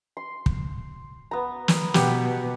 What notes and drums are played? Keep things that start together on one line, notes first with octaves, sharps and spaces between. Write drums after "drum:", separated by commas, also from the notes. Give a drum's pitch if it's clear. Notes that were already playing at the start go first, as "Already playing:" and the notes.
C6
drum: kick
B3 A#5
drum: snare
B2 G4 F#5, drum: snare